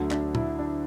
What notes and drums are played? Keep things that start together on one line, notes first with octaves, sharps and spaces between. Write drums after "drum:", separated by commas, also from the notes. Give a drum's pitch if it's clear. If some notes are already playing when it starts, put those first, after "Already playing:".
Already playing: D2 D3 F#3 A3
D4, drum: clap
E4, drum: tom
D4